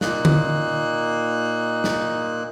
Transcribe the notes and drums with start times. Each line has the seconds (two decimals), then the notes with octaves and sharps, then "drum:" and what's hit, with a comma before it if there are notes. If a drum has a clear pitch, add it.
0.01 A#2 A#3 D#4 F#6, drum: snare
0.25 drum: tom D3
1.84 drum: snare